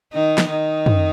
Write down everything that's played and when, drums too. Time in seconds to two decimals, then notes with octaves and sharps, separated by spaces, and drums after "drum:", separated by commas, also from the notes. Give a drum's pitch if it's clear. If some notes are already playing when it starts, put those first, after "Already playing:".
0.13 D#3 D#4
0.38 drum: snare
0.50 D#3 D#4
0.86 drum: tom